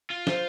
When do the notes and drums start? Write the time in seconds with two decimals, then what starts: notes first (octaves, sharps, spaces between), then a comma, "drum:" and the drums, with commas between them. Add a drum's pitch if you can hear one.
0.10 F4
0.27 C5, drum: snare